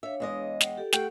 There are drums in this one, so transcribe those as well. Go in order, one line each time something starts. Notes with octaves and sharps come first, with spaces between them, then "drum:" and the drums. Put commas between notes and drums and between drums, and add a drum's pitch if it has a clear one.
D4 C#5 E5 F5
E2 G#3 D#5
F#5 G5, drum: snare
G4 A4
A3 F#5 G5, drum: snare